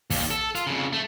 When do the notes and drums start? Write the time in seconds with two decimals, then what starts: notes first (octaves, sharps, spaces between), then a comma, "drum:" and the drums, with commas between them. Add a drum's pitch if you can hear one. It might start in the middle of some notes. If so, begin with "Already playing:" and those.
0.10 D#2, drum: kick, open hi-hat
0.31 A4
0.55 F4, drum: hi-hat
0.67 F2 C#3
0.93 A3